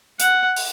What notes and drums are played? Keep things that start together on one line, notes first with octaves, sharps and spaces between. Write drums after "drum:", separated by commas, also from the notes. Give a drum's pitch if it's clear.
F#5, drum: hi-hat
drum: open hi-hat